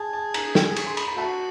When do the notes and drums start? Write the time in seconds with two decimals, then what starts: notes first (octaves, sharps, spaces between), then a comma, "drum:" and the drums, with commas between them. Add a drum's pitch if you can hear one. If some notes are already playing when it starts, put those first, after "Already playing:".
Already playing: G#4 A5
0.13 A5
0.34 A#5, drum: cymbal
0.55 drum: snare
0.76 C#6, drum: cymbal
0.87 C6
0.97 B5, drum: cymbal
1.07 A#5
1.17 A3 F#4 A5